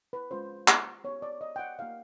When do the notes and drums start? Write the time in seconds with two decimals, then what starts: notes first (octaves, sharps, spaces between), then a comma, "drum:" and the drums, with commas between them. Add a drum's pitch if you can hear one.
0.13 B4
0.31 G#3 C#4 F4 C5
0.68 drum: clap
1.04 B3 D#4 G4 C#5
1.22 D5
1.41 D#5
1.56 G5
1.59 F#5
1.79 A#3 D#4 G4 F5